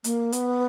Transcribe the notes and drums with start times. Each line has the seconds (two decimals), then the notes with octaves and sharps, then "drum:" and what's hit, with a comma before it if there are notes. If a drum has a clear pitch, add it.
0.04 A#3, drum: hi-hat
0.32 B3, drum: hi-hat